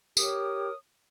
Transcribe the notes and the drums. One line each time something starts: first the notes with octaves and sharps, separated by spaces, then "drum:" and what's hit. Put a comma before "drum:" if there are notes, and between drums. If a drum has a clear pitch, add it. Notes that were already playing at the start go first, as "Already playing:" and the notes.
G4 A#4 C#5 D#6, drum: tambourine